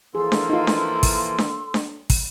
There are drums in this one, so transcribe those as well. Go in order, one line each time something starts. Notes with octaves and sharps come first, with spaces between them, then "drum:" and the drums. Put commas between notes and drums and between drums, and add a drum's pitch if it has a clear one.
E3 F3 A#3 G#4 A4 C6 E6
drum: snare D4
D#4 F4
drum: snare D4
drum: kick, open hi-hat
drum: snare D4
drum: snare D4
drum: kick, open hi-hat